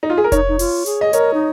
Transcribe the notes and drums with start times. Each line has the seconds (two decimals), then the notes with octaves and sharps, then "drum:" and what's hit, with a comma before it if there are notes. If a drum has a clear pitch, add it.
0.03 D#4
0.10 F4
0.17 G#4
0.24 A#4
0.32 D#4 C#5, drum: kick F1, hi-hat
0.48 D#4
0.59 F4, drum: open hi-hat
0.86 G#4, drum: hi-hat
1.01 D#5
1.13 A#4 C#5, drum: hi-hat
1.34 D#4